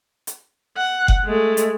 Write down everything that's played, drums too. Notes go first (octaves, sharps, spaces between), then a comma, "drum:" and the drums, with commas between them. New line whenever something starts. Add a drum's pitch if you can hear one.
drum: hi-hat
F#5
drum: kick F#1
G#3 A3
drum: hi-hat